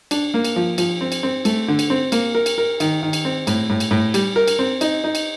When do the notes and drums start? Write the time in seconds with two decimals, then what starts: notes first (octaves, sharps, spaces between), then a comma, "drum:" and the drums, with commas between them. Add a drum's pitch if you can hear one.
0.11 D4, drum: cymbal
0.34 A#3
0.45 drum: cymbal
0.56 F3
0.78 F3, drum: cymbal
1.01 C4
1.12 drum: cymbal
1.23 C4
1.45 A3, drum: cymbal
1.68 D3
1.79 drum: cymbal
1.90 C4
2.12 A#3, drum: cymbal
2.35 A#4
2.46 drum: cymbal
2.58 A#4
2.80 D#3, drum: cymbal
3.03 D#3
3.13 drum: cymbal
3.25 C4
3.47 A2, drum: cymbal
3.70 A2
3.80 drum: cymbal
3.91 A2
4.14 G3, drum: cymbal
4.36 A#4
4.48 drum: cymbal
4.59 C4
4.81 D#4, drum: cymbal
5.04 D#4
5.15 drum: cymbal